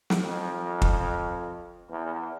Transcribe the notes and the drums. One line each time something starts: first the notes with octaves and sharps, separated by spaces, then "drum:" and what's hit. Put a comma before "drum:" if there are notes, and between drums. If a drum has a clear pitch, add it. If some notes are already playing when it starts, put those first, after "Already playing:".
drum: snare
F2
drum: kick
E2